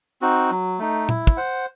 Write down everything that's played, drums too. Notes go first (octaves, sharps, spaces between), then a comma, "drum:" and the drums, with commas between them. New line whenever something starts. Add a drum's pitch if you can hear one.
C4 D#4 F#4
F#3
A3 D#4
E4, drum: tom A#2
drum: kick
C5 F#5